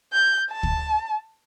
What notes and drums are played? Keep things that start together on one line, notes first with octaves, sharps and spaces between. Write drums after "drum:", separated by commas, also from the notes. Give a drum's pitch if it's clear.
G6
A5
drum: kick